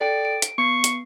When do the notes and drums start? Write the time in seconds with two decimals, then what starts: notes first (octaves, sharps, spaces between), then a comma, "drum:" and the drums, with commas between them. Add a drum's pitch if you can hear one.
0.01 A4 D5 G5 D7
0.25 D7
0.42 drum: hi-hat
0.58 B3 C#6 C7
0.84 drum: hi-hat